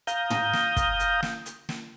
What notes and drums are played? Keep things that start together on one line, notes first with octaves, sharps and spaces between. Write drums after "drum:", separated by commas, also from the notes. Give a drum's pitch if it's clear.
F5 A#5 D#6 G6, drum: hi-hat
drum: tom
drum: snare
drum: kick, hi-hat
drum: hi-hat
drum: snare
drum: hi-hat
drum: snare